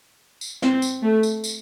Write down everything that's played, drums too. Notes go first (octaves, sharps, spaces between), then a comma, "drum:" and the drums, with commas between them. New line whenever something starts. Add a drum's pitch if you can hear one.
drum: tambourine
C4, drum: snare
drum: tambourine
A3
drum: tambourine
drum: tambourine